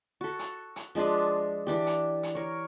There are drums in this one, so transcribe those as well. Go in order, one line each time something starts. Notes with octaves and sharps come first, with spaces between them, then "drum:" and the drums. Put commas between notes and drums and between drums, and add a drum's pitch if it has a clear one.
F#4 A4
drum: hi-hat
drum: hi-hat
F3 G#3 D4 B4
E3 D4 G4
drum: hi-hat
drum: hi-hat
A#4 C#5